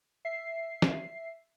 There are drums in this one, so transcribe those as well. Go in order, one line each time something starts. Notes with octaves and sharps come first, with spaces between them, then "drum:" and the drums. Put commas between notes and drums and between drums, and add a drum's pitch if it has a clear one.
E5 C7
drum: snare